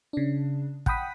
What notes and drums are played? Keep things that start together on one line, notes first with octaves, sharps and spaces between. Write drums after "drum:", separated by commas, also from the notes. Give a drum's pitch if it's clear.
C#3 D4
F#5 G5 B5 D#6 B6, drum: kick